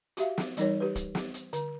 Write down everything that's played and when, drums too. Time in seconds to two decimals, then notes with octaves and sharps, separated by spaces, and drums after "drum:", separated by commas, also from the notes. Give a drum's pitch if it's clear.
0.17 F#4 G4 E5 F5, drum: hi-hat
0.38 drum: snare
0.57 E3 G3 D#4 A#4 C#5, drum: hi-hat
0.80 G4 B4
0.95 drum: kick, hi-hat
1.15 drum: snare
1.34 drum: hi-hat
1.53 D3, drum: hi-hat